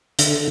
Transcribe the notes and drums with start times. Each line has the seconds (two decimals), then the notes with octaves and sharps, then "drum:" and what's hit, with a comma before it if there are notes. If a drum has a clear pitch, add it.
0.19 D3, drum: hi-hat